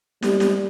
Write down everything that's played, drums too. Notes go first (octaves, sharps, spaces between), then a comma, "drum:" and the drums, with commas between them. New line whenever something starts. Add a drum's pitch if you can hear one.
G3, drum: snare
drum: snare